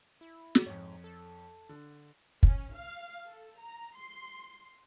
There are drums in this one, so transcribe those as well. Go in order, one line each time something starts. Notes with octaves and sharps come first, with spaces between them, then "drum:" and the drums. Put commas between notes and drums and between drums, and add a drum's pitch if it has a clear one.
E4
drum: snare
F2 G#2 C#5
A4
D3
C#4, drum: kick
F5
A4
A#5
C6